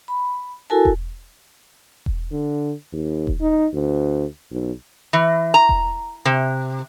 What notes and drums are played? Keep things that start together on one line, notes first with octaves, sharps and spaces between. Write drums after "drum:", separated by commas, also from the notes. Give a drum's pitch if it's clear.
B5
E4 F#4 A4 A#4 G#5 A5
drum: kick E1
drum: kick E1
D3
D#2
drum: kick E1
D#4
D2
B1
E3
A#5
drum: kick E1
C3